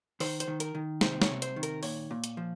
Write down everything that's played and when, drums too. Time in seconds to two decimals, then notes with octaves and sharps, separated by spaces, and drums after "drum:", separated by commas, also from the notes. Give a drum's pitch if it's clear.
0.20 D#3 C5, drum: open hi-hat
0.40 C5, drum: hi-hat
0.47 D#3
0.60 A#4, drum: hi-hat
0.75 D#3
1.01 C3 C5, drum: snare
1.22 C#5, drum: snare
1.29 C3
1.42 C5, drum: hi-hat
1.56 D#3
1.63 A#4, drum: hi-hat
1.83 A#2 C#5, drum: open hi-hat
2.11 A#2
2.24 drum: hi-hat
2.37 F3